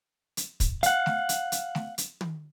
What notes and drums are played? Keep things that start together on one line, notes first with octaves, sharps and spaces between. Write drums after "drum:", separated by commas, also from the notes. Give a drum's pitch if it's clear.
drum: hi-hat
drum: kick, hi-hat
F5 F#5, drum: hi-hat
drum: snare A3
drum: hi-hat
drum: hi-hat
drum: snare A3
drum: hi-hat
drum: tom